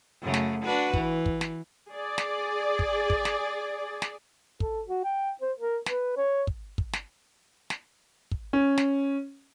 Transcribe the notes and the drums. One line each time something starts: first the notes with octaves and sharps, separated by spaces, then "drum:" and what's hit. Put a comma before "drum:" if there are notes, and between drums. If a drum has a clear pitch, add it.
F#2 C#3 A3
drum: snare
D4 F#4 B4
E3, drum: kick
drum: kick
drum: snare
G#4 D5
drum: snare
drum: kick
drum: kick
drum: snare
drum: snare
A4, drum: kick
F#4
G5
C5
A#4
B4, drum: snare
C#5
drum: kick
drum: kick
drum: snare
drum: snare
drum: kick
C#4
drum: snare